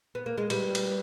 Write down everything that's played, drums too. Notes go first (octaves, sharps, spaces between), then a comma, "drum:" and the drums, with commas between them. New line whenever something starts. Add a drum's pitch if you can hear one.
B3
A#3
G#3
A#4
G3 B4, drum: cymbal
drum: cymbal